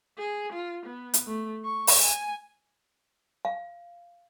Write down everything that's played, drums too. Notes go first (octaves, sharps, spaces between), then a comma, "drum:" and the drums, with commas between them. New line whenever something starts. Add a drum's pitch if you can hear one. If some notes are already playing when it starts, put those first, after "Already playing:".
G#4
F4
B3
drum: hi-hat
A3
C#6
drum: open hi-hat
G#5
F5